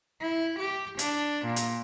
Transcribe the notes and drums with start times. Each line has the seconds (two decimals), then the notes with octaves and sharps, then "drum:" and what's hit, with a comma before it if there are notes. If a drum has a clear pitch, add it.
0.21 E4
0.60 G4
0.99 D4, drum: hi-hat
1.46 A#2
1.56 drum: hi-hat